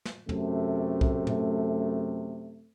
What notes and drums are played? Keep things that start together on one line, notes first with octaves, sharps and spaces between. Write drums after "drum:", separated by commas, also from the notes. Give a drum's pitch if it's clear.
drum: snare
F#2 C3 A3, drum: tom
drum: kick B1
drum: tom